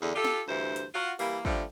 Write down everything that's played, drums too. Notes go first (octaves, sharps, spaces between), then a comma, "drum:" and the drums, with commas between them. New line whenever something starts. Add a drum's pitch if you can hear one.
E2 D3
F4 G4 A4
drum: snare
D2 G2 E3 C5
drum: hi-hat
F4 F#4
E3 G3 A#3, drum: open hi-hat
D3 F3 G3 A3, drum: kick